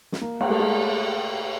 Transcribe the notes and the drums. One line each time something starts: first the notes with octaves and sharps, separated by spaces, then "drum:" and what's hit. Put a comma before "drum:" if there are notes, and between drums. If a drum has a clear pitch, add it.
drum: snare
A#3
A#3, drum: cymbal
A3
G#3